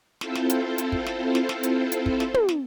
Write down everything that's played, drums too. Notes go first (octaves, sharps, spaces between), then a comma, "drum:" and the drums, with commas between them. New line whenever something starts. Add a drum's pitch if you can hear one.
C4 E4 F4 A4 C5, drum: snare
drum: snare
drum: hi-hat
drum: hi-hat
drum: kick
drum: snare
drum: snare
drum: snare
drum: hi-hat
drum: hi-hat
drum: kick
drum: snare
drum: tom
drum: snare